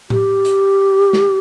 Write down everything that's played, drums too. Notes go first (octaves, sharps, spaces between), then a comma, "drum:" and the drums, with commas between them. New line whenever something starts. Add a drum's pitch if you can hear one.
G4, drum: tom A2
drum: hi-hat
drum: snare